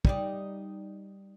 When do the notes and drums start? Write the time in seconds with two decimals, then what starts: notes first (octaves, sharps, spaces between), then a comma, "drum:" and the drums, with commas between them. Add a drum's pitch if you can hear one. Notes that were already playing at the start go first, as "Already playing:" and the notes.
0.05 G3 D#4 D5, drum: kick